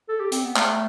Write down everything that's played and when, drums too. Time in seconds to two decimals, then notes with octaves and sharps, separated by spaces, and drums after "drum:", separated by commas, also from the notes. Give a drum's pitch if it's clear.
0.09 A4
0.20 G4
0.32 C4, drum: hi-hat
0.45 B3
0.56 A3, drum: clap